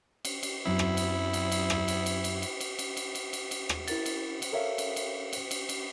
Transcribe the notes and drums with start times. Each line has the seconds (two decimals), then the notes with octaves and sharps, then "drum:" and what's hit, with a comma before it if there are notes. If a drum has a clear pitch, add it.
0.25 drum: cymbal
0.43 drum: cymbal
0.66 F#2 F#3 C4 E4
0.79 drum: rim click
0.97 drum: cymbal
1.33 drum: cymbal
1.52 drum: cymbal
1.70 drum: rim click
1.88 drum: cymbal
2.06 drum: cymbal
2.24 drum: cymbal
2.42 drum: cymbal
2.61 drum: cymbal
2.79 drum: cymbal
2.97 drum: cymbal
3.15 drum: cymbal
3.33 drum: cymbal
3.51 drum: cymbal
3.69 drum: rim click
3.88 E4 A#4 A6, drum: cymbal
4.06 drum: cymbal
4.42 drum: cymbal
4.52 A4 A#4 C#5 E5 F5
4.78 drum: cymbal
4.96 drum: cymbal
5.33 drum: cymbal
5.51 drum: cymbal
5.69 drum: cymbal